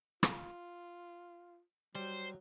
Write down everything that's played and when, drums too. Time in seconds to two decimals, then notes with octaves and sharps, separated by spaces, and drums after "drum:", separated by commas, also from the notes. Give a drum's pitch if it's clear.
0.23 F4, drum: rim click
1.95 F#3 G3 C5